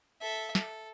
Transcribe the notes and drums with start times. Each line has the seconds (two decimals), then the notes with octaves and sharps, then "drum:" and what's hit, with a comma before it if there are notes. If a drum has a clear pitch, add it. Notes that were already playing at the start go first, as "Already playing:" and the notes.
0.21 A4 E5
0.55 A4, drum: snare